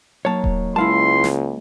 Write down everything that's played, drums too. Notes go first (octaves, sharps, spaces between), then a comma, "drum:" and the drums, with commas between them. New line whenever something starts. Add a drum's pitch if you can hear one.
F#3 A#3 D#4 C#5 A5
drum: kick D#1
C#2 G#3 E4 F5 A5 C6
drum: snare